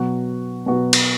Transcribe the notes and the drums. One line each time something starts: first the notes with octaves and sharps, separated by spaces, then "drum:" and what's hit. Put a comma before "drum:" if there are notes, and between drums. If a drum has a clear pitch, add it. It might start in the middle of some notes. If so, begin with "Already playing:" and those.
Already playing: B2 F#3 B3 F#4
B2 F#3 B3 F#4
drum: cymbal